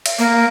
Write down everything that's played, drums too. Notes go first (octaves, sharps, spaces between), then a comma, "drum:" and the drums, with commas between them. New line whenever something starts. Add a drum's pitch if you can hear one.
drum: cymbal
A#3